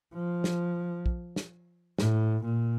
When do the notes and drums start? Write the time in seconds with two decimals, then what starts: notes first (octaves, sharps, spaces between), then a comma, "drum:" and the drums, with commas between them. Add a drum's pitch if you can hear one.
0.14 F3
0.44 drum: snare
1.06 drum: kick
1.36 drum: snare
1.99 A2, drum: snare
2.45 A#2